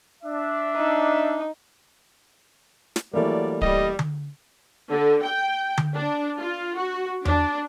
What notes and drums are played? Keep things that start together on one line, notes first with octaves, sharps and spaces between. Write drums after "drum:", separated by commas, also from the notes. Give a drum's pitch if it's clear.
D4 E5
D#4
drum: snare
E3 F#3 G3 A3 A#3 D5
G3 D#5, drum: kick D1
drum: tom D3
D3
G5
drum: tom D3
D4
F4
F#4
D4, drum: tom E2